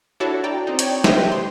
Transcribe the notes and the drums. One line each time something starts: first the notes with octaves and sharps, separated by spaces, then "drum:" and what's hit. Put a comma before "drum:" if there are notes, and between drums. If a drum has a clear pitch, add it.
D4 E4 F#4 A4 C#5
D5 G5 A#5
C4 D#4
C#5 D5 G5, drum: hi-hat
G4 B4 C5 D#5 E5 G5, drum: snare
C6